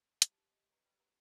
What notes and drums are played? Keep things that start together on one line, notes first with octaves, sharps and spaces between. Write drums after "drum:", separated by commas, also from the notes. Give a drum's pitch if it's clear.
F#3, drum: hi-hat
F3 G4
D#5
F#3 B4
G3
G4
F#3